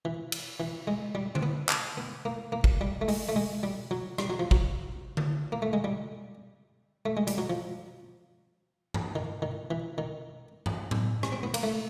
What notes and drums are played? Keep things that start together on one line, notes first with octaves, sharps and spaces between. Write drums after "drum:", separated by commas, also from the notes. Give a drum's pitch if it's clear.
E3
drum: cymbal
E3
G#3
G3
C4, drum: tom D3
B3
drum: clap
B3
A#3
A#3
drum: kick
G3
A3
G#3, drum: open hi-hat
A3
G#3
G3
F#3
G3, drum: rim click
F#3
F3
F#3, drum: kick
drum: tom D3
A#3
A3
G#3
G3
A3
G#3
G3, drum: hi-hat
F#3
F3
drum: tom G2
D#3
D#3
E3
D#3
drum: tom G2
drum: tom
C#4, drum: rim click
C4
B3
A#3, drum: cymbal
A3